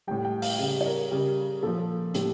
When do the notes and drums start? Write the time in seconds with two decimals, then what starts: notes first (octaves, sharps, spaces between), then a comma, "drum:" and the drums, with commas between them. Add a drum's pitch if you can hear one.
0.07 A2 G3 G5
0.25 G5
0.42 F5, drum: open hi-hat
0.59 C#3 G3
0.81 C#5
0.86 A#4
1.11 C#3 G3
1.63 A#2 F3 A4
2.15 A2 G3, drum: hi-hat